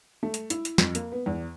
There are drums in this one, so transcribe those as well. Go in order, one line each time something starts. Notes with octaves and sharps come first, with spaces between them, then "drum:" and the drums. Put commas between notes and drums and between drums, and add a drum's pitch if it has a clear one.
A3
drum: hi-hat
E4, drum: hi-hat
drum: hi-hat
F2, drum: snare
A#3, drum: hi-hat
B3
E2